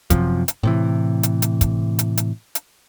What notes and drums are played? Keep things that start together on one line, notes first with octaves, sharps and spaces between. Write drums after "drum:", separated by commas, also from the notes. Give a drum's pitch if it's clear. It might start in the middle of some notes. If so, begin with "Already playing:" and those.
F#2 C3 F3, drum: kick, hi-hat
drum: hi-hat
A2 C3 E3
drum: hi-hat
drum: hi-hat
drum: kick, hi-hat
drum: hi-hat
drum: hi-hat
drum: hi-hat